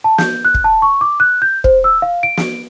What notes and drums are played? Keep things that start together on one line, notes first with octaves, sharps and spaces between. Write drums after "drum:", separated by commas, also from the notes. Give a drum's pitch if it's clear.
A5
G6, drum: snare
F#6
drum: kick
A5
C#6
D6
F#6
G6
C5, drum: kick
E6
F5
D7
drum: snare